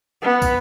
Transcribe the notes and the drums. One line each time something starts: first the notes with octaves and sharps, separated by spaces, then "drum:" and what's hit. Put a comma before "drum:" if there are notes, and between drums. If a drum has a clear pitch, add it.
B3
drum: kick, tambourine